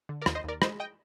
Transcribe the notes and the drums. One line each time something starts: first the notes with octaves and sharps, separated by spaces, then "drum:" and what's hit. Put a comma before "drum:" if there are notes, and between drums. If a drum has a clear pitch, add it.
D3
A#4 D5
D#2, drum: rim click
C5 D#5
D#2 A#4 D5
G#3 C5 D#5, drum: rim click
D#5 G5